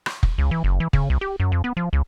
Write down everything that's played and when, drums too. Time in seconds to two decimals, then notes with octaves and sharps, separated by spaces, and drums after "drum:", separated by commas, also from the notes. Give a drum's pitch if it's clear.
0.06 drum: rim click
0.23 drum: kick F1
0.38 C#2
0.51 E3
0.64 F#1
0.80 E3
0.93 C#3, drum: kick F1
1.10 C2
1.21 G4
1.40 F#2
1.52 F2
1.64 B3
1.77 F3
1.93 C#2